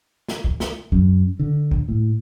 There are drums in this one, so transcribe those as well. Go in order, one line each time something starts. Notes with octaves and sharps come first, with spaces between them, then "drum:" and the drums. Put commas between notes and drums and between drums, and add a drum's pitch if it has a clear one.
drum: snare
drum: kick
drum: snare
F#2, drum: kick
D3
drum: kick
A2